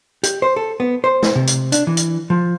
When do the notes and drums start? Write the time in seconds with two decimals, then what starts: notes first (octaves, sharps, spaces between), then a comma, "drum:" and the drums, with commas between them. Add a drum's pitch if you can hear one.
0.23 G4, drum: hi-hat
0.42 C5
0.56 A4
0.80 B3
1.04 C5
1.23 drum: snare
1.36 C3
1.47 drum: hi-hat
1.72 D4, drum: hi-hat
1.87 E3
1.97 drum: hi-hat
2.30 F3